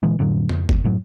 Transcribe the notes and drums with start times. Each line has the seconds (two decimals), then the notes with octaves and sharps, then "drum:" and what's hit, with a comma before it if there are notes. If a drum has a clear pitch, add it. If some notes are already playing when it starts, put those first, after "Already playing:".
0.03 A#2 D3 E3 G#3
0.19 F2 A2 D3 F#3
0.49 F2, drum: tom C#3
0.69 E1, drum: kick F#1
0.84 F#2 A2 F#3